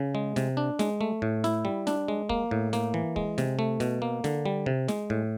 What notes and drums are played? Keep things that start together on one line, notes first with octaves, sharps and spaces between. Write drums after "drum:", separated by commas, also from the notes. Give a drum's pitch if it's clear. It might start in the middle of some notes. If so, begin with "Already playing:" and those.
Already playing: C#3
G#3
C3, drum: snare
D4
G#3, drum: snare
A3
A2
E4, drum: snare
G3
D4, drum: snare
G#3
A#3, drum: kick
A2
A#3, drum: snare
E3
G#3, drum: kick
C3, drum: snare
A3
B2, drum: snare
A#3
D3, drum: snare
G3
C3
G#3, drum: snare
A2